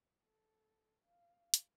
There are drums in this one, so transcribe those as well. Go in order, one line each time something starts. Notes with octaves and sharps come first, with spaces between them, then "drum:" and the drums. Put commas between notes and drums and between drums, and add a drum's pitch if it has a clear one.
A4
F5
drum: hi-hat